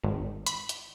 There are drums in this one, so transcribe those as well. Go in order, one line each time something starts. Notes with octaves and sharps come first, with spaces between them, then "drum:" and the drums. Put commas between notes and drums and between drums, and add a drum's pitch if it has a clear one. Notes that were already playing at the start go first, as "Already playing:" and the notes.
G#1
B5, drum: hi-hat
drum: hi-hat